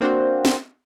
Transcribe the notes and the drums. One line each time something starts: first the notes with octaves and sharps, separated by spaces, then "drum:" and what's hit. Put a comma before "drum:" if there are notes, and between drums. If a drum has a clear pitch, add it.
A#3 C4 D4 F#4 C5
drum: snare